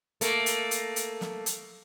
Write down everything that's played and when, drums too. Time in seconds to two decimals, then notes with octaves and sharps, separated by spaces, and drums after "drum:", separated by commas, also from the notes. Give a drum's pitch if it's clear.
0.21 A3 A#3, drum: hi-hat
0.46 drum: hi-hat
0.71 drum: hi-hat
0.96 drum: hi-hat
1.21 drum: snare
1.46 drum: hi-hat